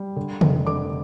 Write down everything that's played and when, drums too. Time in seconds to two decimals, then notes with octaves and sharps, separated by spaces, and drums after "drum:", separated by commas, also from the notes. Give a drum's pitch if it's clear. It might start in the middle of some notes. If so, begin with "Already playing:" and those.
Already playing: G3
0.16 D3
0.41 F1, drum: tom
0.67 D3 D6